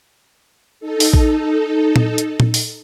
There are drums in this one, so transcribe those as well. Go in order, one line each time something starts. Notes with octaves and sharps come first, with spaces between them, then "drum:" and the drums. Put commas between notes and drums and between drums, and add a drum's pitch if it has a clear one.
D#4 A4
drum: open hi-hat
drum: kick A1
drum: tom A#2
drum: hi-hat
drum: tom A#2
drum: open hi-hat